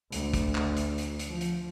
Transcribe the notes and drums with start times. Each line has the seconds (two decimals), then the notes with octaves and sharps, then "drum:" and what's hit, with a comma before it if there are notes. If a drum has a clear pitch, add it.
0.12 D2, drum: hi-hat
0.34 drum: kick, hi-hat
0.55 drum: clap
0.76 drum: hi-hat
0.98 drum: hi-hat
1.19 drum: hi-hat
1.29 F3
1.41 drum: hi-hat